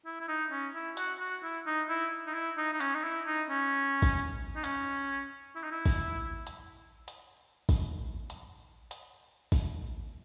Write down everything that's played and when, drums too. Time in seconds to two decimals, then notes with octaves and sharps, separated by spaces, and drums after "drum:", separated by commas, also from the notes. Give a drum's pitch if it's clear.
0.06 E4
0.20 E4
0.28 D#4
0.51 C#4
0.75 E4
0.97 F#4, drum: hi-hat
1.20 F#4
1.43 E4
1.66 D#4
1.89 E4
2.27 D#4
2.34 E4
2.57 D#4
2.73 D#4
2.80 C#4, drum: hi-hat
2.95 D#4
3.04 E4
3.26 D#4
3.50 C#4
4.02 drum: kick, open hi-hat
4.56 D#4
4.64 C#4, drum: hi-hat
5.55 E4
5.63 D#4
5.71 E4
5.86 drum: kick, open hi-hat
6.47 drum: hi-hat
7.08 drum: hi-hat
7.69 drum: kick, open hi-hat
8.30 drum: hi-hat
8.91 drum: hi-hat
9.52 drum: kick, open hi-hat